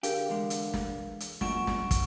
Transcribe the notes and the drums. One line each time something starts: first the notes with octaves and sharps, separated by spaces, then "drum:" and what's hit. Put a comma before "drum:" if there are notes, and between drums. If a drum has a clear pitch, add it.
D3 G4 G#4 A#4 F5, drum: hi-hat
E2 G#3
drum: hi-hat
drum: snare
drum: hi-hat
F#2 A#2 F#5 C#6 D7 E7, drum: snare
drum: snare
drum: kick, hi-hat